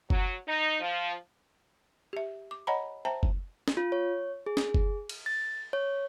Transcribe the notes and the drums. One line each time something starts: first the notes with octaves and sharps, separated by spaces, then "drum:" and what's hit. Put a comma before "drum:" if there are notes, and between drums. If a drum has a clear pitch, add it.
F#3, drum: kick F#1
D#4
F3
G4 E5
D6
C#5 D#5 F#5 G#5 A#5 B5
C5 E5 G5 A5 A#5
drum: kick F#1
drum: snare
F4
C#5
G#4
drum: snare
drum: kick F#1
drum: cymbal
A6
C#5